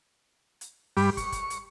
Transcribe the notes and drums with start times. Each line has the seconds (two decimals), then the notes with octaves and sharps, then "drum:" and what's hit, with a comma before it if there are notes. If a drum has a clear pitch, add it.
0.61 drum: hi-hat
0.97 G2 G3 B5 D6, drum: open hi-hat
1.17 C#6, drum: kick, hi-hat
1.32 drum: kick, hi-hat
1.50 drum: hi-hat